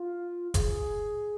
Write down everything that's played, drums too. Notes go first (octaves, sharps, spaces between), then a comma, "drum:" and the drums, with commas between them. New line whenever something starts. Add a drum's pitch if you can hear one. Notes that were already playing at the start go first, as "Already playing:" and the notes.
Already playing: F4
G#4, drum: kick F1, hi-hat